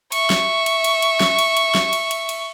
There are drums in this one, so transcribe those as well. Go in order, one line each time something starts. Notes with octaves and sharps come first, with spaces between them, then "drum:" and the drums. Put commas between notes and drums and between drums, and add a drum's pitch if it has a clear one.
E5 C#6, drum: cymbal
drum: snare
drum: cymbal
drum: cymbal
drum: cymbal
drum: snare
drum: cymbal
drum: cymbal
drum: snare
drum: cymbal
drum: cymbal
drum: cymbal